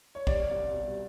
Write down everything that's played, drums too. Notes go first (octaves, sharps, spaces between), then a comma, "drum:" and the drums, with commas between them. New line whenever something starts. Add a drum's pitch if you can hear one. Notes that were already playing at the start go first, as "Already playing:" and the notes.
C#5
G3 D5, drum: kick
C2
B2